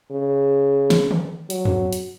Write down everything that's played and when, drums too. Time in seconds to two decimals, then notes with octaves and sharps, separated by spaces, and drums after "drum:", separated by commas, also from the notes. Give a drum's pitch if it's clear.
0.12 C#3
0.90 drum: snare
1.11 drum: tom D3
1.50 F#3, drum: hi-hat
1.65 drum: tom E2
1.93 drum: hi-hat